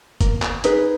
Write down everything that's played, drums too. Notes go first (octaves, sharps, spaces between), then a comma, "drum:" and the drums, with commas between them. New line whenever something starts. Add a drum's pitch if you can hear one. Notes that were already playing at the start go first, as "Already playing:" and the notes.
A#3, drum: kick F1, hi-hat
drum: clap
D#4 G#4 B4, drum: hi-hat